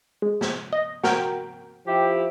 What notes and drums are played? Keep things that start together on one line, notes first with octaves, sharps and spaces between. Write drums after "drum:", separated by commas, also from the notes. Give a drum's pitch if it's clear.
G#3
drum: snare
D#5
F#4 A#4 G5, drum: snare
F3 E4 G4